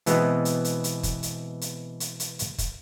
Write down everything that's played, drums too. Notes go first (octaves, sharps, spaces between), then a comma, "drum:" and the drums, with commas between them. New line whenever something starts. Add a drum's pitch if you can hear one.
B2 E3 G#3 B3 C4, drum: hi-hat
drum: hi-hat
drum: hi-hat
drum: hi-hat
drum: kick, hi-hat
drum: hi-hat
drum: hi-hat
drum: hi-hat
drum: hi-hat
drum: hi-hat
drum: kick, hi-hat